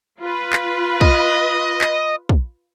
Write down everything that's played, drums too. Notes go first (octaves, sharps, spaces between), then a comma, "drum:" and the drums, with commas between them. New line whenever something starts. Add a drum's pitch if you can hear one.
F4 B4
drum: clap
D#5, drum: kick
drum: clap
drum: kick